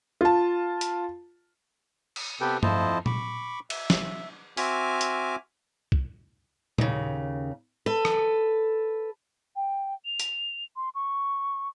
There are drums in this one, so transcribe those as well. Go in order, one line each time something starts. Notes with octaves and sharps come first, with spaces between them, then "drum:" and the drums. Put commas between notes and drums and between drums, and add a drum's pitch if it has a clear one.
F4 A5
drum: hi-hat
drum: cymbal
C3 B3 G4 A4 B4 G5
F2 F3 E4 C5 D#5 A5, drum: tom G2
B5 C#6 D6, drum: tom A#2
E5, drum: cymbal
drum: snare
C4 F#4 E5 G#5 D6 F6, drum: open hi-hat
drum: hi-hat
drum: kick
D#2 C#3, drum: tom A#2
A4 B4
drum: rim click
G5
F7
drum: hi-hat
C6
C#6